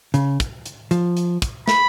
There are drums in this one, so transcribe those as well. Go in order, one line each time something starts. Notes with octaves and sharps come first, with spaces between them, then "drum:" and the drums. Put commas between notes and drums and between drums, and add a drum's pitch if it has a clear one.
C#3, drum: hi-hat
drum: kick, hi-hat
drum: hi-hat
F3, drum: hi-hat
drum: hi-hat
drum: kick, hi-hat
B5, drum: snare